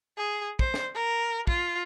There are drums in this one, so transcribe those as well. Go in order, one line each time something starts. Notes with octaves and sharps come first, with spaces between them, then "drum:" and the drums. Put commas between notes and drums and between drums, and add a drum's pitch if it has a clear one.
G#4
C5, drum: kick
drum: snare
A#4
F4, drum: kick